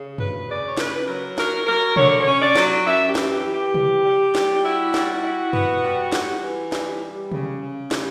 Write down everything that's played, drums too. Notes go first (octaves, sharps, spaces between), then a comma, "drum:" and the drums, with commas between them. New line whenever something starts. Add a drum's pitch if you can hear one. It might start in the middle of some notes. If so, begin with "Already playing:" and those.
Already playing: C#3
D2 B4, drum: tom F#2
C#3 D5
C#5
C#3 B4, drum: snare
F#3 A#4
F#3 A#4, drum: snare
F#3 A#4
D3 C#5, drum: tom B2
C#5
C#4
D5
F#3, drum: snare
F#2 E5
G4
E3, drum: snare
G4
E3
G4
G3, drum: tom C3
G3
G3, drum: snare
E4 F#4
G3, drum: snare
E4
B3, drum: tom F#2
G3
G3, drum: snare
E3
G3, drum: snare
G3
C#3, drum: tom C3
C#3
G3, drum: snare